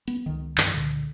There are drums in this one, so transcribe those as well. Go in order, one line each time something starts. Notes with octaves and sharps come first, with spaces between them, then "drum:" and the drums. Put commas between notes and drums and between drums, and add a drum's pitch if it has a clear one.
B3, drum: hi-hat
C#2 D#3
G2 D#3 E3, drum: clap
C#2 A#2 D3